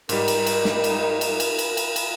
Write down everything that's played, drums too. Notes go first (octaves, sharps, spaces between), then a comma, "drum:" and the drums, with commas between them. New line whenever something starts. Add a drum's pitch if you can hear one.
G#2 G3 D#4 A#4, drum: cymbal
drum: cymbal
drum: cymbal
drum: snare
drum: cymbal
drum: cymbal
drum: cymbal
drum: cymbal
drum: cymbal
drum: cymbal